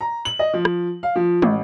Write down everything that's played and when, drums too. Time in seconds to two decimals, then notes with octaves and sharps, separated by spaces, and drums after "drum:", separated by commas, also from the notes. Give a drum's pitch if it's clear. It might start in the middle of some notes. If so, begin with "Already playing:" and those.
0.01 A#5
0.25 F#7
0.39 D#5
0.54 F3
0.65 drum: rim click
1.03 F5
1.16 F3
1.42 A1, drum: tom